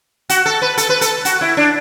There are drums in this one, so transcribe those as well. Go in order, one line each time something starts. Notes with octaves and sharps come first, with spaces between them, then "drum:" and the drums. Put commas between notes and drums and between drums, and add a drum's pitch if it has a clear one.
F#4, drum: hi-hat
A4
B4
A4, drum: hi-hat
B4
A4, drum: hi-hat
F#4, drum: hi-hat
E4
D4